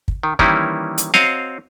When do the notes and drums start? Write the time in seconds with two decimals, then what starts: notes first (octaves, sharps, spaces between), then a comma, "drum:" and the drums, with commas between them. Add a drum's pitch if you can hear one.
0.08 drum: kick
0.23 D#3
0.39 D#3 E3 G3 A#3 C#4 E4, drum: kick
0.98 drum: hi-hat
1.14 C4 F#4 C#5 D#5 F5 A#5, drum: snare